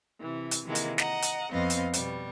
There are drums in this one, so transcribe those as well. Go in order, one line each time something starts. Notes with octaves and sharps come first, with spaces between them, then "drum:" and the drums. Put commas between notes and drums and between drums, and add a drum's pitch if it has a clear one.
C3 E3
drum: hi-hat
C3 D#3 E3 G#3 A#3
drum: hi-hat
D#5 F#5 A#5, drum: snare
drum: hi-hat
F2 B3 C4 D#5 F5
drum: hi-hat
B2 G3, drum: hi-hat